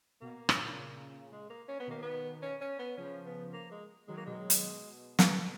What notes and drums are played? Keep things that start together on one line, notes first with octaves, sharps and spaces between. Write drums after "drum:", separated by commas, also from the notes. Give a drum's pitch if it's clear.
B2 A#3
A#2 C#3, drum: rim click
A#2 C#3
G#3
A#3
C#4
B3
B2 D#3 A#3
B3
C#4
C#4
B3
C#3 F3 C#4
B3
A#3
G#3
D#3 F#3 G#3
A#3
B2 D#3 G#3
drum: hi-hat
B2
B3, drum: snare